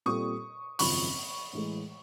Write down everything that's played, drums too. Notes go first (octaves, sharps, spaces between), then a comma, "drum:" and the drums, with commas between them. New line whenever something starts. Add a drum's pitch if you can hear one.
A#2 G3 C4 F4 A4 C#6 D#6
G#1 F#2 C#3 F3 B5 C#6, drum: open hi-hat
A2 E3 G#3